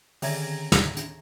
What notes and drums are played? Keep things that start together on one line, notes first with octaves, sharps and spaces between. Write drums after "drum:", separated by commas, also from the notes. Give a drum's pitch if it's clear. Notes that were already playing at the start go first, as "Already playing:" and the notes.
D3 D#3 E5 A#5 G#6 A#6, drum: open hi-hat
drum: snare
drum: hi-hat